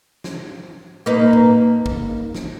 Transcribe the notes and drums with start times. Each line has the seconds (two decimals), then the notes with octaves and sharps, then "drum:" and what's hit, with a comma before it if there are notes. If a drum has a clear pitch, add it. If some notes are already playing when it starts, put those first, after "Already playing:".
0.24 drum: snare
1.06 A#3 D#4 B4
1.33 drum: tom A2
1.86 drum: kick
2.35 drum: snare